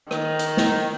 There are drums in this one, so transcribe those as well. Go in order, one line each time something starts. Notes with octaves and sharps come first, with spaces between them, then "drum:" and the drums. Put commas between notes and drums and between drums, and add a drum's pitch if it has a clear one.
D#3, drum: rim click
drum: hi-hat
drum: snare